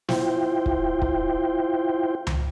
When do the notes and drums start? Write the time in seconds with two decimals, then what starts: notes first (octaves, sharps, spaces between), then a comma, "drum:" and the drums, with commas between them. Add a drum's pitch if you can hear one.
0.09 E4 F4 C5 G5, drum: snare
0.66 drum: kick
1.02 drum: kick
2.27 drum: tom C#2